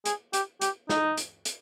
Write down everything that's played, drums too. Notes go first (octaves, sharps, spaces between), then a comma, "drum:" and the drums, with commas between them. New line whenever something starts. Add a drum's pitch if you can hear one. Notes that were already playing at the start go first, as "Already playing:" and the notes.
G#4, drum: hi-hat
G4, drum: hi-hat
G4, drum: hi-hat
D#4, drum: snare
drum: hi-hat
drum: hi-hat